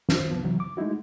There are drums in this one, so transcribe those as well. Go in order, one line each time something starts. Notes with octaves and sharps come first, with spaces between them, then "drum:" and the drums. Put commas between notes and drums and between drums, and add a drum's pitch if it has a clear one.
C5, drum: snare
C2 F3 B3
C3 E3 F#3
D6
G#3 A3 D#4 E4 F#4